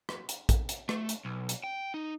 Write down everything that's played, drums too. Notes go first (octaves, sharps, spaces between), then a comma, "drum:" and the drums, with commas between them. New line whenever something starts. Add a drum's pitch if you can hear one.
drum: rim click
drum: hi-hat
drum: kick, hi-hat
drum: hi-hat
A3, drum: rim click
drum: hi-hat
B1
drum: hi-hat
G5
D#4